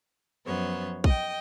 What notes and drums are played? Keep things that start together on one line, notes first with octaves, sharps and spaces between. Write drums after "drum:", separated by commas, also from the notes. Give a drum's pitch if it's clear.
F#2 F3 B3 C5 C#5
D#5 G5, drum: kick